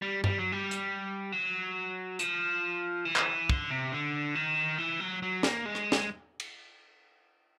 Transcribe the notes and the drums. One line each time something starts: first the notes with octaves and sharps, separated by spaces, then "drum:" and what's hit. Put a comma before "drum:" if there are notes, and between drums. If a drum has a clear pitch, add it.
G3
G3, drum: tom G2
F#3
G3
drum: hi-hat
F#3
F3, drum: hi-hat
E3
drum: clap
D3, drum: kick
C3
D3
D#3
E3
F#3
F#3
A#3, drum: snare
G#3
drum: rim click
drum: snare
drum: cymbal